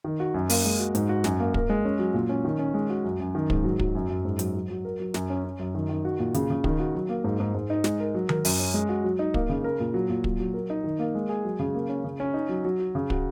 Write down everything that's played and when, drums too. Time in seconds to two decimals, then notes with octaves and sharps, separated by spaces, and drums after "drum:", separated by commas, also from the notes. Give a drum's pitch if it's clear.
0.04 D#3
0.20 F#4
0.34 F#2
0.49 A#3, drum: open hi-hat
0.65 G#3
0.79 F#4
0.95 G#2, drum: hi-hat
1.09 F#4
1.24 F#2, drum: snare
1.40 A#3
1.54 A#4, drum: kick
1.69 G#3
1.85 C#4
1.99 F#3
2.14 A#2
2.29 C#4
2.45 D#3
2.59 C#4
2.74 G#3
2.90 F#4
3.04 F#2
3.20 F#2
3.35 D#3
3.50 G#2, drum: kick
3.64 F#3
3.79 F#3, drum: kick
3.95 F#2
4.09 F#2
4.25 G#2
4.39 F#3, drum: hi-hat
4.55 F#3
4.70 F#3
4.85 A#4
5.00 F#3
5.14 F#2, drum: snare
5.30 C#4
5.44 C#4
5.59 F#2
5.75 D#3
5.89 D#3
6.05 F#4
6.19 A#2
6.34 C#3, drum: hi-hat
6.50 C#3
6.64 D#3, drum: kick
6.79 F#4
6.95 F#3
7.09 A#3
7.24 G#2
7.40 G#2
7.54 G#2
7.70 D#4
7.84 G#3, drum: snare
8.00 A#4
8.15 F#3
8.29 A#4, drum: tom D#3
8.45 F#2, drum: open hi-hat
8.60 C#4
8.74 G#3
8.89 F#4
9.04 F#3
9.19 D#4
9.34 A#3, drum: kick
9.49 C#3
9.64 A#4
9.80 A#2
9.94 F#3
10.10 A#2
10.24 F#3, drum: kick
10.40 F#3
10.54 A#4
10.70 D#4
10.84 D#3
10.99 A#3
11.15 G#3
11.29 G#4
11.44 F#3
11.59 C#3
11.75 A#3
11.89 C#4
12.04 C#3
12.20 C#4
12.34 D#4
12.49 F#3
12.65 F#3
12.79 F#4
12.95 C#3
13.10 F#4, drum: kick